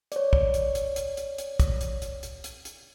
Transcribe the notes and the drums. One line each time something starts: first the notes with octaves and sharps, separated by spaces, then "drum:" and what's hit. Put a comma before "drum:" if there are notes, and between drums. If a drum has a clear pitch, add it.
C#5 D5, drum: hi-hat
drum: kick
drum: hi-hat
drum: hi-hat
drum: hi-hat
drum: hi-hat
drum: hi-hat
drum: kick, hi-hat
drum: hi-hat
drum: hi-hat
drum: hi-hat
drum: hi-hat
drum: hi-hat